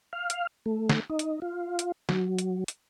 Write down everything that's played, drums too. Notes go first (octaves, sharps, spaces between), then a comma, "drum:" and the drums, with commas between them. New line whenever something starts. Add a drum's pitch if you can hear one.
F5
drum: hi-hat
A3
drum: snare
D#4
drum: hi-hat
F4
drum: hi-hat
F#3, drum: snare
drum: hi-hat
drum: hi-hat